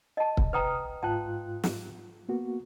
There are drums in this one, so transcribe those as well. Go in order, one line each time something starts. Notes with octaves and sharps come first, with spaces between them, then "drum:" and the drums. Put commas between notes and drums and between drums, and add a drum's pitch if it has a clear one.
D#5 A5
drum: kick C#1
C2 B4 G5 A#5 D#6 F6
G#2 F4 G5 A5 F#6
drum: snare
A#3 B3 F#4